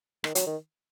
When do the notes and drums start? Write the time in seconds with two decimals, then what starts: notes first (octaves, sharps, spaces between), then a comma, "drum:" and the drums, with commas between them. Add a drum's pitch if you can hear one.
0.24 D#3, drum: rim click
0.35 F#3, drum: hi-hat
0.47 D#3